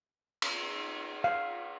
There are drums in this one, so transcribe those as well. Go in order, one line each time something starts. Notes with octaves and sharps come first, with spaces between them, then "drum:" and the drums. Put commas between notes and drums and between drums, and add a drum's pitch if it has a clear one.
drum: cymbal
F5